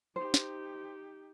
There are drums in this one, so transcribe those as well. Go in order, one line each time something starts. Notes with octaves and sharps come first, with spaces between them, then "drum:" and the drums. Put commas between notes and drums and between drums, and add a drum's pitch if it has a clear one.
D#4 G4 C5
drum: snare